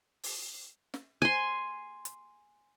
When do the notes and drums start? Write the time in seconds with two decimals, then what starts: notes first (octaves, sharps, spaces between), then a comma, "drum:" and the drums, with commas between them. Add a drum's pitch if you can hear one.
0.23 drum: open hi-hat
0.94 drum: snare
1.22 G#5 C6
2.05 drum: hi-hat